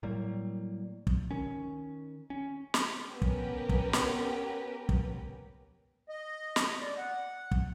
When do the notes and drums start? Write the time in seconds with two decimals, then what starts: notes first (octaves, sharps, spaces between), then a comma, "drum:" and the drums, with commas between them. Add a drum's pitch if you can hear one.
0.03 A2 F#3 G3 A#3
1.07 drum: kick
1.31 D#3 C#4
2.30 C#4
2.74 drum: snare
3.09 B3 C#4 G4 A#4 B4
3.22 drum: kick
3.69 drum: kick
3.93 drum: snare
4.89 drum: kick
6.09 D#5
6.56 drum: snare
6.81 D5
6.98 F#5
7.51 drum: kick